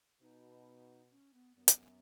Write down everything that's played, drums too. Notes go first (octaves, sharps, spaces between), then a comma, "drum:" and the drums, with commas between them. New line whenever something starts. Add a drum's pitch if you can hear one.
B2 D#4
C#4
B3
F#2 B3
drum: hi-hat